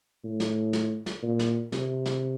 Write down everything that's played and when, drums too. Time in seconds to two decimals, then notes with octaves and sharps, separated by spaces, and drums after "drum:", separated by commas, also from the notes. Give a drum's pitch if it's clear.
0.24 A2
0.40 drum: snare
0.73 drum: snare
1.06 drum: snare
1.23 A#2
1.39 drum: snare
1.72 C3, drum: snare
2.06 drum: snare